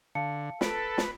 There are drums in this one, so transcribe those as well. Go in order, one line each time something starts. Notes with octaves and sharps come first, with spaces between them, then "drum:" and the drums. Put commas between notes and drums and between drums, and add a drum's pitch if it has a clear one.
D3 F5 A5 C#7
A4 B4 B5 B6 D7, drum: snare
drum: snare